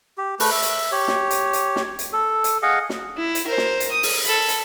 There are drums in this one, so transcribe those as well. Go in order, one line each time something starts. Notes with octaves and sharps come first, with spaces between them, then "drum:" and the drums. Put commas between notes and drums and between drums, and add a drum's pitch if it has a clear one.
G4
A3 B4, drum: open hi-hat
E5
drum: hi-hat
G4 C#5
drum: snare
drum: hi-hat
drum: hi-hat
drum: snare
drum: hi-hat
A4
drum: hi-hat
G#4 D#5 F5 F#5
drum: snare
E4
drum: hi-hat
A#4 C5
drum: snare
drum: hi-hat
D#6
drum: open hi-hat
A4 B5, drum: hi-hat
drum: hi-hat